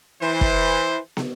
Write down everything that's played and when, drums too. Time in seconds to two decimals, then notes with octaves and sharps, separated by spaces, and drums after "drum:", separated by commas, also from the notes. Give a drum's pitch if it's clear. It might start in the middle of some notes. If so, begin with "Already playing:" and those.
0.22 E3 C5
0.41 drum: kick
1.17 drum: snare